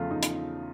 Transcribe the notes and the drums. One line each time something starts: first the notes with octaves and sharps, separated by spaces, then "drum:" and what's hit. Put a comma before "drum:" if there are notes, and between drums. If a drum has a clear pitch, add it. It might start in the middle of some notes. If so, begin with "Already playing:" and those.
Already playing: E2 C#3 F3 A3 F4
E2 D#4
drum: hi-hat